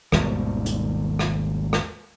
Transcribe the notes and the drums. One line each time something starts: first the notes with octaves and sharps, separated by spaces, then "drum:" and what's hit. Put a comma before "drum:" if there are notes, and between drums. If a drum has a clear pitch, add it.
G#1 D#2 B2 G3, drum: rim click
drum: hi-hat
drum: rim click
drum: rim click